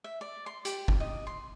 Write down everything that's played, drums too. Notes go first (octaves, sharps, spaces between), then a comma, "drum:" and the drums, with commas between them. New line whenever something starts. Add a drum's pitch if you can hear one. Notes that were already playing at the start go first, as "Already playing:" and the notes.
E5
D5
C6
G4, drum: hi-hat
drum: kick G1
D#5
C6